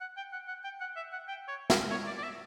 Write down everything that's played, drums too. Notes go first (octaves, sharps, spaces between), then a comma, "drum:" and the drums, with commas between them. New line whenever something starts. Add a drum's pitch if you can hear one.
F#5
G5
F#5
F#5
G5
F#5
E5
F#5
G5
C#5
A#4, drum: snare
C#5
D5
D5
E5